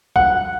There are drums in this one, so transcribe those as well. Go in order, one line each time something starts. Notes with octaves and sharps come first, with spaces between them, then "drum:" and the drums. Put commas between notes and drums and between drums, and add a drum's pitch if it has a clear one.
F#5, drum: kick C2